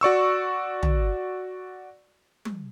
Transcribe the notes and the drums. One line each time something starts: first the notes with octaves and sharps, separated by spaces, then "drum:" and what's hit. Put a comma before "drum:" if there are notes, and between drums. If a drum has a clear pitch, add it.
F#4 D5 C#6 E6
drum: tom
drum: tom